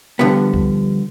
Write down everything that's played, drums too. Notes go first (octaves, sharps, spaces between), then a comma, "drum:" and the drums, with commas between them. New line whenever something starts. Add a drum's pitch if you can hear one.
G2 D3 F3 B3
drum: kick C2